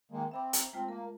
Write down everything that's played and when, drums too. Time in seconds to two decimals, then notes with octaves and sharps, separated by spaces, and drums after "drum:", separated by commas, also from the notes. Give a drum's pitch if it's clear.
0.11 D#3 G#3 A#3
0.31 C4 E5 B5 D6
0.53 A#5, drum: hi-hat
0.73 G#3 A3 C4 F4
0.88 A#3 A#4 A#5